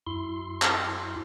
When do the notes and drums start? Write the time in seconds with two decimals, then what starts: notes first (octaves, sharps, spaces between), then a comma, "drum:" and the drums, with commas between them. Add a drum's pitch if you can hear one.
0.07 F#2 E4 C6
0.62 drum: clap